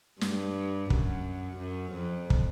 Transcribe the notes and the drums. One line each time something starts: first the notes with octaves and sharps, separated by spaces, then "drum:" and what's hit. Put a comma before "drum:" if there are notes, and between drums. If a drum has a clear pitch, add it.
G2, drum: snare
F#2, drum: kick
F#2
F2
drum: kick